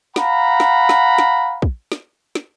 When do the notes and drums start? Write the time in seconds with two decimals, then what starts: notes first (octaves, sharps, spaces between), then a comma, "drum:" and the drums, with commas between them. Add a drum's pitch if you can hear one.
0.16 F5 F#5 A#5 B5, drum: snare
0.60 drum: snare
0.89 drum: snare
1.18 drum: snare
1.62 drum: kick
1.92 drum: snare
2.35 drum: snare